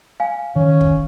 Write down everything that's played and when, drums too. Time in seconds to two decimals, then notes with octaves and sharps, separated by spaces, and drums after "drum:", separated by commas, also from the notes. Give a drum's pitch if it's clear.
0.20 F5 G#5
0.56 D#3 C#4
0.81 drum: kick